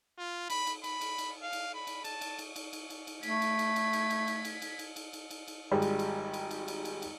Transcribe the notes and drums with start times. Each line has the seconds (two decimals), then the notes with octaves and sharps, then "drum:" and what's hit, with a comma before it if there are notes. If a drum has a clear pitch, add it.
0.18 F4
0.50 B5, drum: cymbal
0.67 drum: cymbal
0.84 B5, drum: cymbal
1.01 drum: cymbal
1.18 drum: cymbal
1.43 F5
1.53 drum: cymbal
1.74 B5
1.87 drum: cymbal
2.04 A5, drum: cymbal
2.21 drum: cymbal
2.39 drum: cymbal
2.56 drum: cymbal
2.73 drum: cymbal
2.90 drum: cymbal
3.07 drum: cymbal
3.23 A3 G#6 B6, drum: cymbal
3.42 drum: cymbal
3.59 drum: cymbal
3.76 drum: cymbal
3.93 drum: cymbal
4.10 drum: cymbal
4.27 drum: cymbal
4.45 drum: cymbal
4.62 drum: cymbal
4.79 drum: cymbal
4.96 drum: cymbal
5.13 drum: cymbal
5.30 drum: cymbal
5.48 drum: cymbal
5.71 G#1 G3 G#3
5.82 drum: cymbal
5.99 drum: cymbal
6.34 drum: cymbal
6.51 drum: cymbal
6.68 drum: cymbal
6.85 drum: cymbal
7.02 drum: cymbal